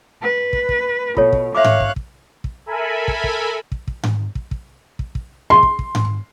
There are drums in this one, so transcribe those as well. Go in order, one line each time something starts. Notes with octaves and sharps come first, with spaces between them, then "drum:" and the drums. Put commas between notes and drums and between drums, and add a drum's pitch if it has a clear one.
B4
drum: kick
drum: kick
B2 F4 A4 C#5, drum: kick
drum: kick
C#5 E5 F5 D6 F#6
drum: tom G#2
drum: kick
drum: kick
drum: kick
A4 A#4 E5 G#5 B5
drum: kick
drum: kick
drum: kick
drum: kick
drum: tom G#2
drum: kick
drum: kick
drum: kick
drum: kick
C6
drum: kick
drum: kick
drum: tom G#2